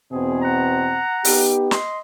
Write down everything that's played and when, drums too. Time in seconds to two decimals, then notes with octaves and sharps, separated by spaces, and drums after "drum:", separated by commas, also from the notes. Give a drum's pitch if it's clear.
0.11 E2 B2 C4 G#4
0.42 F#5 A#5
1.25 B3 D#4 G4, drum: open hi-hat
1.71 D#5 C6, drum: snare